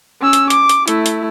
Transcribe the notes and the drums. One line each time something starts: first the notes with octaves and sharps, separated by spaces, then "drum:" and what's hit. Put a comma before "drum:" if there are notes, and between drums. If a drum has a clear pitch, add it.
C#4 E6
drum: hi-hat
D6, drum: hi-hat
drum: hi-hat
A3 E4, drum: hi-hat
drum: hi-hat